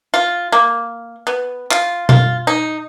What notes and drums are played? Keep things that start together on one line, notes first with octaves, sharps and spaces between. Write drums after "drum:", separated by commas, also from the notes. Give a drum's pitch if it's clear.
F4
A#3
B3
F4, drum: clap
F4, drum: tom B2
D#4